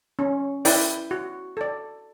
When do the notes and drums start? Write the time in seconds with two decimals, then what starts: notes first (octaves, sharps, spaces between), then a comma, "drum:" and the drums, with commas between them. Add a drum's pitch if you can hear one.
0.19 C#4
0.65 E4 B4 D5 G5, drum: open hi-hat
1.11 F#4
1.57 A4 D5